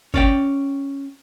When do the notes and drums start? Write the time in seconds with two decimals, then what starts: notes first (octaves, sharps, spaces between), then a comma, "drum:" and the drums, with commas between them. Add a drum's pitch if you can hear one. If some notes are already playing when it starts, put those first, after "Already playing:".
0.14 C#4 D5 G5, drum: kick G1